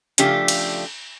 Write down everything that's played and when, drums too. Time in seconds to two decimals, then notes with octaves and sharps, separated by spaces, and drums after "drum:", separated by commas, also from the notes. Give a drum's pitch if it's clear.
0.18 C#3 F3 A3 D4 G4, drum: hi-hat
0.48 drum: cymbal